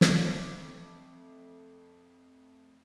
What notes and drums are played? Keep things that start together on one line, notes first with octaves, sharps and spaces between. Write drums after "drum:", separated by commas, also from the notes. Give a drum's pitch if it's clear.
F2 A3 D6, drum: snare